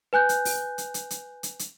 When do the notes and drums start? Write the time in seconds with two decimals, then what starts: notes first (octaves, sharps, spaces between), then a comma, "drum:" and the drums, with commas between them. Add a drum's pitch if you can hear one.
0.13 B4 G#5 F#6 G6
0.29 drum: hi-hat
0.45 drum: open hi-hat
0.78 drum: hi-hat
0.94 drum: hi-hat
1.10 drum: hi-hat
1.43 drum: hi-hat
1.59 drum: hi-hat